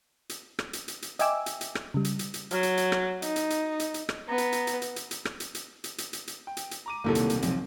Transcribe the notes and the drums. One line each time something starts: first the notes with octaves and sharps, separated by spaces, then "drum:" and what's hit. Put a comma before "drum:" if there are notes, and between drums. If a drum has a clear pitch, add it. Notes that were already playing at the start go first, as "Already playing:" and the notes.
drum: hi-hat
drum: rim click
drum: hi-hat
drum: hi-hat
drum: hi-hat
D#5 E5 G5 G#5 D6 E6, drum: hi-hat
drum: hi-hat
drum: hi-hat
drum: rim click
C#3 G3
drum: hi-hat
drum: hi-hat
drum: hi-hat
F#3, drum: hi-hat
drum: hi-hat
drum: hi-hat
drum: rim click
D#4, drum: hi-hat
drum: hi-hat
drum: hi-hat
drum: hi-hat
drum: hi-hat
drum: rim click
B3 A#5
drum: hi-hat
drum: hi-hat
drum: hi-hat
drum: hi-hat
drum: hi-hat
drum: hi-hat
drum: rim click
drum: hi-hat
drum: hi-hat
drum: hi-hat
drum: hi-hat
drum: hi-hat
drum: hi-hat
G5
drum: hi-hat
drum: hi-hat
A#5 D6 D#7
D#1 B1 C3 A#3 E4 A4
drum: hi-hat
drum: hi-hat
F3 C4, drum: hi-hat